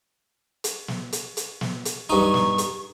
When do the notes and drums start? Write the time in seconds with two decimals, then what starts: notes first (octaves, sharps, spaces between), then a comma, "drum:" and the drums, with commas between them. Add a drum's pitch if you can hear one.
0.64 drum: hi-hat
0.88 drum: snare
1.12 drum: hi-hat
1.37 drum: hi-hat
1.61 drum: snare
1.85 drum: hi-hat
2.10 G2 D#4 C#6
2.34 drum: snare
2.58 drum: hi-hat